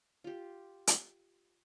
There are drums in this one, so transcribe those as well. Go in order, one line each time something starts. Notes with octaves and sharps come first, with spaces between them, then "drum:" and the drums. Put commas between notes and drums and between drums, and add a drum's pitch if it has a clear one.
F4 G4
drum: hi-hat